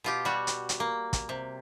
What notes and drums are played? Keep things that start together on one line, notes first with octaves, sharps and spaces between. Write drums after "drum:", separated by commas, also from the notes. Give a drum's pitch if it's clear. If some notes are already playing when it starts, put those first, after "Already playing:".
B2 F4 G4
G3 F#4
drum: hi-hat
drum: hi-hat
A#3
drum: kick, hi-hat
C3